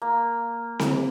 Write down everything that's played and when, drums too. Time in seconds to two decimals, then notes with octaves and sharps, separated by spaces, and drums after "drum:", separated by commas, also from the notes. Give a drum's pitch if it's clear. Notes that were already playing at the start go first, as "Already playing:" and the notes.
0.02 A#3
0.79 drum: snare C4